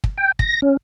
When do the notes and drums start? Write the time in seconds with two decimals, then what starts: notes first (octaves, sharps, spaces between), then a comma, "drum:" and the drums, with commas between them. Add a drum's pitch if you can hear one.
0.04 drum: kick
0.18 G5
0.39 A#6, drum: kick
0.62 C#4